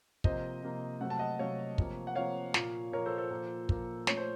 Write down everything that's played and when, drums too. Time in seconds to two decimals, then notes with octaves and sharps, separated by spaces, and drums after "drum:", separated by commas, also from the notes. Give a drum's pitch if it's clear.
0.24 C3 F3 A#3 C5 D#5, drum: kick
0.63 C3 F3 A#3
1.01 C3 F#3 A3 F#5
1.10 A5
1.19 D#5 F#5
1.39 C3 F#3 A3 C#5 F5
1.78 C3 F3 A#3, drum: kick
2.07 F#5
2.15 C3 F3 A#3 C#5 F5
2.54 A#2 F3 A#3, drum: snare
2.92 A#2 F3 A#3 A#4 C#5
3.06 A4 C5
3.18 A4 C5
3.30 A#2 F3 A#3
3.69 A#2 F3 A#3, drum: kick
4.07 A#2 A3 C#5, drum: snare
4.17 C5